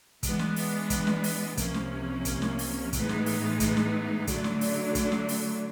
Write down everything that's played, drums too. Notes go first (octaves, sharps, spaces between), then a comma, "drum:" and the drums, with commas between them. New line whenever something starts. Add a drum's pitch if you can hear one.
E3 G#3 B3 D4, drum: kick, hi-hat
drum: snare
drum: open hi-hat
drum: kick, hi-hat
drum: snare
drum: open hi-hat
C2 C3 F3 A#3 C#4, drum: kick, hi-hat
drum: snare
drum: kick, hi-hat
drum: snare
drum: open hi-hat
A2 E3 G#3 B3 D#4, drum: kick, hi-hat
drum: snare
drum: open hi-hat
drum: kick, hi-hat
drum: snare
D3 F#3 A3 D4, drum: kick, hi-hat
drum: snare
drum: open hi-hat
drum: kick, hi-hat
drum: snare
drum: open hi-hat